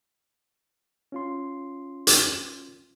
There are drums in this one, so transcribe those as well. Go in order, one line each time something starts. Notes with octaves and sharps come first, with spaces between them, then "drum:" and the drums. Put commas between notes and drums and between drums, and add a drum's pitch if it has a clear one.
C#4 F4 C6
drum: hi-hat